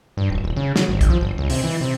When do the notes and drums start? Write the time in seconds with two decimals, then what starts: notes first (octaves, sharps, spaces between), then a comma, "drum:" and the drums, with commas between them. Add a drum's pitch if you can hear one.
0.17 G2
0.30 D1
0.44 D#1
0.56 C#3
0.76 F#3, drum: snare
0.88 G#1
1.01 drum: kick, hi-hat
1.10 F3
1.21 G1
1.38 C#2
1.50 C3, drum: open hi-hat
1.64 E3
1.81 C3